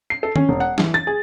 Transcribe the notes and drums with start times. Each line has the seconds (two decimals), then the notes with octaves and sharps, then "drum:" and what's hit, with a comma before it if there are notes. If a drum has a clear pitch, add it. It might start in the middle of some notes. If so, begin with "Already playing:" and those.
0.10 C7
0.23 A4
0.36 C#4, drum: tom D#3
0.49 E1
0.60 F#5
0.78 E3, drum: snare
0.94 A6
1.07 G#4